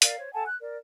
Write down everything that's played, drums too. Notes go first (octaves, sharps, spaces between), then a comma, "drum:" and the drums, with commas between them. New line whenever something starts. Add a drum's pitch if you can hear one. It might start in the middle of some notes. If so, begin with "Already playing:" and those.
A#4 D5 F5, drum: hi-hat
C5 C#5
A4 F#5 G#5 A5
F#6
A#4 D5